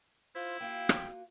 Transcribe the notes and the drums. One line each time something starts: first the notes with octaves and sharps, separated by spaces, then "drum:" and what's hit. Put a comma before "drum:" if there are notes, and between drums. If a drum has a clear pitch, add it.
E4 F4 C5
A#3 F4 F#4 G5
drum: rim click